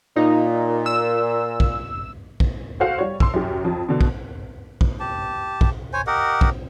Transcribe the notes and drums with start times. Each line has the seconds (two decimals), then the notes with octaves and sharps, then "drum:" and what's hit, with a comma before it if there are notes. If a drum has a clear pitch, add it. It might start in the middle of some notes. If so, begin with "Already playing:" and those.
0.16 A#2 D#4
0.86 E6
1.60 drum: kick
2.40 drum: kick
2.80 F#4 A4 C5 F5 F#5
2.98 G3 C#5
3.20 C6 E6, drum: kick
3.33 F#2 G4
3.65 F2
3.89 B2 D3
4.01 drum: kick
4.81 drum: kick
5.00 G4 A5
5.61 drum: kick
5.93 C5 C#5 G#5
6.07 G4 A#4 D#5 F#5
6.41 drum: kick